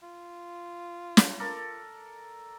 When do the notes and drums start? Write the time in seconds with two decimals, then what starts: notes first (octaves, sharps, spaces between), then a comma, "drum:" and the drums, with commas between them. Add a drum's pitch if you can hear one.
0.03 F4
1.17 drum: snare
1.40 A4 A#4 D5